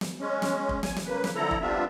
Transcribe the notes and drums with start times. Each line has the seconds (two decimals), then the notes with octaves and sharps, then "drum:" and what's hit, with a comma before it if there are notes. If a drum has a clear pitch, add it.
0.01 drum: snare
0.20 G#3 C#4
0.42 drum: snare
0.69 drum: kick
0.83 G#5, drum: snare
0.96 drum: snare
1.06 C#3 A#3 B4
1.24 drum: snare
1.35 D3 F3 E4 A4 A#5
1.51 drum: kick
1.61 G3 B3 C4 D4 F4 E5